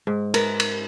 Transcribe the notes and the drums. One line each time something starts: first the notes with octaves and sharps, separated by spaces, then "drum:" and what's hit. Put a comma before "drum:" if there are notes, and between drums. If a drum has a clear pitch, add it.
G#2
A#4 B4, drum: cymbal
drum: cymbal